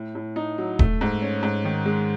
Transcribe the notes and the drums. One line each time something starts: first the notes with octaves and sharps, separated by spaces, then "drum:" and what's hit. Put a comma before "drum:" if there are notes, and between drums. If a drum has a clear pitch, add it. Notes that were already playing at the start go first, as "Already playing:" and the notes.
Already playing: A2
A2
D#4
F#3
A3, drum: kick D#1
G#2
C#4
G#2
D#3
G#3